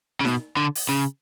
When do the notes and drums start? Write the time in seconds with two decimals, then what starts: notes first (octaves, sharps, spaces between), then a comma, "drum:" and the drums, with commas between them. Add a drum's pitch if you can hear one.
0.21 C#3
0.25 B2, drum: snare D#4
0.57 D3
0.75 drum: open hi-hat
0.89 C#3